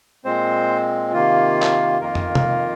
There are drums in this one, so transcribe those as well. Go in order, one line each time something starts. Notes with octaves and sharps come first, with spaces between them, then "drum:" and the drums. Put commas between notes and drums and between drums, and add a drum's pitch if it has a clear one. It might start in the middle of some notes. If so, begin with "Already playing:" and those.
A#2 G#3 C4 C5
C3 D#3 A#3 F4
drum: clap
F2 D#3 A#3 F4 A#4
drum: tom
drum: tom C3